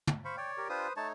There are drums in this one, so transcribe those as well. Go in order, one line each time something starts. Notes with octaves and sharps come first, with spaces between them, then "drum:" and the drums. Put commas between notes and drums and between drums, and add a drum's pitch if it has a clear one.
drum: tom
C5 F5 B5 C#6
C#5 D5 G5
G4 A#4
D4 F4 G4 B4 C5 D#6
A3 D#4 C#5 A5